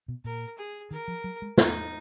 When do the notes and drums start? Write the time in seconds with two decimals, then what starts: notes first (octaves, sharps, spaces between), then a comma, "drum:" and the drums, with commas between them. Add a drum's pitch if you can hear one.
0.08 B2
0.24 A#2 A#4
0.58 G#4
0.91 D#3 A#4
1.08 F3
1.24 F#3
1.42 G#3
1.58 G#3 D#4, drum: snare